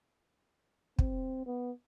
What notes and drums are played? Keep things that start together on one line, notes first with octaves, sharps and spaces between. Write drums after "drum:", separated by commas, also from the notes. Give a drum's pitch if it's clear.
C4, drum: kick
B3